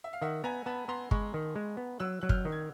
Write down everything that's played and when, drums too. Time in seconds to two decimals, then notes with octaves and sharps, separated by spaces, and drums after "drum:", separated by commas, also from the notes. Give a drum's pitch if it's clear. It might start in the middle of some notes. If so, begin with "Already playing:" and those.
0.04 E5
0.13 F5
0.22 D#3 E5 F#5
0.44 B3 G#5 A#5
0.66 B3 A5 B5
0.88 B3 A#5 C6
1.11 G#3 B5 C#6, drum: kick
1.34 D#3
1.56 G#3
1.77 B3
2.00 F#3 E6 F#6
2.21 F#3 F#6
2.29 F6 G6, drum: kick
2.45 D#3
2.52 G#6